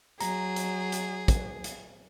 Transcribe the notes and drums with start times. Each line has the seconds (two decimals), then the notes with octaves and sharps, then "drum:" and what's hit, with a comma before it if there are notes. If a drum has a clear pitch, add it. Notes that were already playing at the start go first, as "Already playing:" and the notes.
0.21 F#3 G#4 A#5, drum: hi-hat
0.56 drum: hi-hat
0.92 drum: hi-hat
1.28 drum: kick, hi-hat
1.64 drum: hi-hat